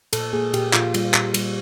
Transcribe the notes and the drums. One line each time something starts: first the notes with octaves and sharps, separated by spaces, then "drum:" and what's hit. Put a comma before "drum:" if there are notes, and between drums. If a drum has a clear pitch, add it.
A#2 A4, drum: cymbal
A#3 G#4
A#2 G4, drum: cymbal
A#2 F4, drum: clap
G3 F4, drum: cymbal
A#2, drum: clap
G3, drum: cymbal